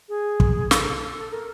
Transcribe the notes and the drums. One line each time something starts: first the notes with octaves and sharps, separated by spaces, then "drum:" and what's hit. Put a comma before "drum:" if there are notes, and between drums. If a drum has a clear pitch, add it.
G#4
drum: kick
A4, drum: snare
A#4